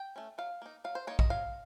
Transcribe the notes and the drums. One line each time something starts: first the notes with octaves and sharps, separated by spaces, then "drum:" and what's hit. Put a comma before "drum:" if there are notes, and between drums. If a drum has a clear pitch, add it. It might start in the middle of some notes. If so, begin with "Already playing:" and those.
Already playing: G5
A3 C#4
F#3 F5
A#3 D#4
F#3 F5
C5
A#3 D#4 C#5
D#5, drum: kick A#1
F#3 F5